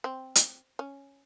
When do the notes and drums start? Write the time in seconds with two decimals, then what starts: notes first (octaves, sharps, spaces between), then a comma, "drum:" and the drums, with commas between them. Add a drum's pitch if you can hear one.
0.04 C4
0.35 drum: hi-hat
0.79 C#4